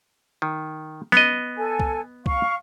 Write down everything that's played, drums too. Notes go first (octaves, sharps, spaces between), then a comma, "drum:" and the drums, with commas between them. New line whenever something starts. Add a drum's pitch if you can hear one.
D#3
B3 D#5, drum: snare
A4 G#5
drum: kick C2
F5 C#6, drum: kick C2